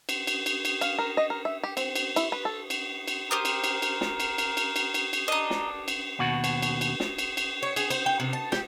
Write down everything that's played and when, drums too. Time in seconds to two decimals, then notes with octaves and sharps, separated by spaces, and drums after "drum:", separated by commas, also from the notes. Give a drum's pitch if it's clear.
0.09 drum: cymbal
0.27 drum: cymbal
0.46 drum: cymbal
0.65 drum: cymbal
0.81 F5, drum: cymbal
0.99 A#4
1.17 D#5
1.30 A#4
1.45 E5
1.63 G4
1.77 C4, drum: cymbal
1.95 drum: cymbal
2.16 E4, drum: cymbal
2.32 B4
2.45 A4
2.70 drum: cymbal
3.08 drum: cymbal
3.31 G4 A#4 C5 D#6
3.45 drum: cymbal
3.64 drum: cymbal
3.82 drum: cymbal
4.01 drum: snare
4.20 drum: cymbal
4.38 drum: cymbal
4.57 drum: cymbal
4.76 drum: cymbal
4.94 drum: cymbal
5.13 drum: cymbal
5.28 D4 D#5 A#5
5.50 drum: snare
5.88 drum: cymbal
6.19 D#2 B2 F#4
6.44 drum: cymbal
6.62 drum: cymbal
6.81 drum: cymbal
7.00 drum: snare
7.18 drum: cymbal
7.37 drum: cymbal
7.63 C#5
7.76 G#4, drum: cymbal
7.90 C5, drum: cymbal
8.06 G5
8.20 C3
8.33 A5
8.52 G4, drum: snare